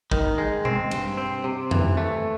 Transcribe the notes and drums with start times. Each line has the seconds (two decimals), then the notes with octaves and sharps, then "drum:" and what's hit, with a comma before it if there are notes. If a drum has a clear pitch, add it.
0.12 D#3, drum: kick
0.38 G#3
0.65 C4, drum: tom B2
0.91 G2, drum: cymbal
1.17 C4
1.44 C3
1.71 E3, drum: tom F2
1.97 A3